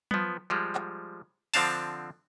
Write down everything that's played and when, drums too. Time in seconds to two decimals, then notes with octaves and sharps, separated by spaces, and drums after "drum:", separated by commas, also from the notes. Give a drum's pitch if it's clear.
0.11 F3 B3, drum: tom F#3
0.50 F3 G3 G#3
0.75 drum: clap
1.54 D3 F3 C4 D4 F5 A5, drum: open hi-hat